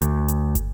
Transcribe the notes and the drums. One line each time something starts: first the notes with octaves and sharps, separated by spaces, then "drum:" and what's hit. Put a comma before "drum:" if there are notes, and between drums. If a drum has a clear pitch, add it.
D2, drum: hi-hat
drum: hi-hat
drum: kick, hi-hat